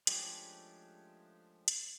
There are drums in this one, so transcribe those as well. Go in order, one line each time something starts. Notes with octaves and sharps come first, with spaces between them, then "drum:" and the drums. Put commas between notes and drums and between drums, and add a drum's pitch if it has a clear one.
F3 G#3 A3 C#4 D4 G4, drum: hi-hat
drum: hi-hat